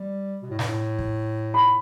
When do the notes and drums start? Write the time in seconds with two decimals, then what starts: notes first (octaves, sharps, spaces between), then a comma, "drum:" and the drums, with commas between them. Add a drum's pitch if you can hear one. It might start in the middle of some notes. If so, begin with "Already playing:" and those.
Already playing: G3
0.42 B2
0.50 A2
0.59 G2, drum: snare
0.67 A2
0.99 drum: kick
1.54 B5